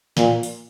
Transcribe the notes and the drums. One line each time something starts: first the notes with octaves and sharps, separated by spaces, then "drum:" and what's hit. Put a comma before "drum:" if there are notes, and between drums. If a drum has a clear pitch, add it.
A#2, drum: snare
drum: open hi-hat